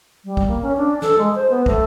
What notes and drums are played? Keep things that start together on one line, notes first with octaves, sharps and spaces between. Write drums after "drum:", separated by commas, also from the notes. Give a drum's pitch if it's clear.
G3
drum: kick
A#3
C#4
D4
A4, drum: snare
G#3
C5
B3
A3, drum: kick